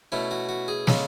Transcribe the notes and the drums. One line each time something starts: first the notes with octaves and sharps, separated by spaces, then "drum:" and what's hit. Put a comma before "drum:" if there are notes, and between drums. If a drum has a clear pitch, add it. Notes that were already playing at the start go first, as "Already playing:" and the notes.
B2 A3 C#4 E4
F#4
F#4
G#4
C#3 G#3 C#4 A4, drum: snare